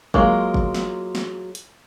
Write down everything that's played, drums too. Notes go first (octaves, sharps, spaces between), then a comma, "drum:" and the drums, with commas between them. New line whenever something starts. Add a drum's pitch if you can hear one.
F#3 G#3 A#3 F4, drum: kick G1
drum: kick G1
drum: snare
drum: snare
drum: hi-hat